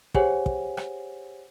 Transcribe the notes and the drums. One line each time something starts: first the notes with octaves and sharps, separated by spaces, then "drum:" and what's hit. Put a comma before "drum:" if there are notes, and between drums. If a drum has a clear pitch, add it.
G4 G#4 C5 C#5 F#5 G#5, drum: kick
drum: kick
drum: rim click